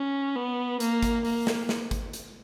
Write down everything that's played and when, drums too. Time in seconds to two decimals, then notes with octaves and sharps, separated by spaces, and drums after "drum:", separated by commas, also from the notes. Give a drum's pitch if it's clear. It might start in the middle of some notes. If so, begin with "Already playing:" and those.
Already playing: C#4
0.36 B3
0.80 A#3, drum: hi-hat
1.03 drum: kick, hi-hat
1.25 A#3, drum: open hi-hat
1.47 drum: snare
1.69 drum: snare
1.91 drum: kick, hi-hat
2.13 drum: hi-hat